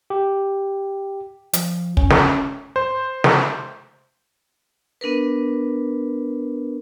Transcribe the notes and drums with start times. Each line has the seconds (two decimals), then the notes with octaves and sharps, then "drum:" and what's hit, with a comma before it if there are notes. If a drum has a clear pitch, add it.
0.10 G4
1.53 F3, drum: hi-hat
1.97 C#4, drum: kick
2.10 drum: snare
2.76 C5
3.24 drum: snare
5.01 B3 D4 A#4 B4